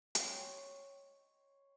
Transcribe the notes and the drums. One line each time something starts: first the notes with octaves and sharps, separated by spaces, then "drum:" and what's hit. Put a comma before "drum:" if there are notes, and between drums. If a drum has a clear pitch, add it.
C#5 D#5 G5 C6, drum: hi-hat